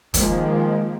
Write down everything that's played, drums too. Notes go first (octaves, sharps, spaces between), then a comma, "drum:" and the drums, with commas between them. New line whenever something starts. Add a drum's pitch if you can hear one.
D#3 F3 G#3 A#3, drum: kick, hi-hat